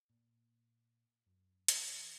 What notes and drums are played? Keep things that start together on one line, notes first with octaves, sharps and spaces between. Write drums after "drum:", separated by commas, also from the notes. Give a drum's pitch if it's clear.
A#2
F#2
E3, drum: hi-hat